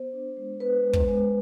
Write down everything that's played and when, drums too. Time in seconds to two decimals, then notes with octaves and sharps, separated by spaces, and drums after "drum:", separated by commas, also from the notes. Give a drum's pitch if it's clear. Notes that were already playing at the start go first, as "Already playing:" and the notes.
Already playing: B3 C5
0.13 D4
0.37 G#3
0.60 B3 B4
0.84 G#3
0.93 drum: kick
1.08 G#3